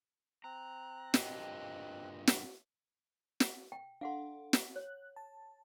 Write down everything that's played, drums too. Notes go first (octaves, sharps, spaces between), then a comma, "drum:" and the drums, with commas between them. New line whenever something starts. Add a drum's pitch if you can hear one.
C4 A#5 F#6
G2 A#2 D#5, drum: snare
drum: snare
drum: snare
G5
D4 A4 F5 F#5 C6
drum: snare
C#5 F#6
A5